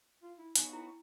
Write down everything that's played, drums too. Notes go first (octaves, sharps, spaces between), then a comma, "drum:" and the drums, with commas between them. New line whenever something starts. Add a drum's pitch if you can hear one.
F4
E4
B3 C#4 D#4 F#4, drum: hi-hat
E4 G5